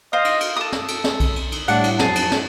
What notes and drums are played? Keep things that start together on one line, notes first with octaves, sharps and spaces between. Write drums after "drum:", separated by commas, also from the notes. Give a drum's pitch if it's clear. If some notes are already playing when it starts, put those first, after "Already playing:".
C5 D#5 F5
drum: cymbal
drum: cymbal
A4 A5 D#6
drum: snare
drum: cymbal
drum: snare
drum: kick B1, cymbal
drum: cymbal
drum: cymbal
A2 G3 D4 F#5, drum: cymbal
drum: cymbal
F2 F#3 G#4 A5, drum: snare
drum: cymbal
drum: snare